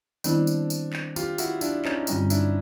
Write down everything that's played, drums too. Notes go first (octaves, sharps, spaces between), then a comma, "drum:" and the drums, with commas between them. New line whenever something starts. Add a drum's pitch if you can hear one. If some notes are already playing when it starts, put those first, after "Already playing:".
D#3 G3 B3 C4 D4 E4, drum: tambourine
drum: tambourine
drum: tambourine
drum: clap
F4 G4, drum: tambourine
E4 F#4, drum: tambourine
D4 E4, drum: tambourine
C#4 D#4, drum: clap
G2 D3 G3 C4 C#4 D#4 F4, drum: tambourine
D4 E4, drum: tambourine